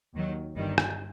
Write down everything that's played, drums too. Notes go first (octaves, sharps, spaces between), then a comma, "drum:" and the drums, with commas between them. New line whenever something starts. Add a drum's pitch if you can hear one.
D#2 D#3 F#3
G1 G2 D#3 G3
drum: rim click